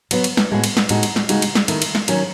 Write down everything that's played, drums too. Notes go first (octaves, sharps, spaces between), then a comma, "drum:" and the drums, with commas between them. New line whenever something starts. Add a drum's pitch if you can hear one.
F#3 B3 F#4, drum: cymbal
drum: cymbal
drum: snare
A2 G#3 B3 F#4
drum: cymbal
drum: snare
A2 G#3 D#4 F#4, drum: cymbal
drum: cymbal
drum: snare
C#3 G#3 D#4 F#4, drum: cymbal
drum: cymbal
drum: snare
D#3 A3 E4, drum: cymbal
drum: cymbal
drum: snare
D#3 F#3 C#4, drum: cymbal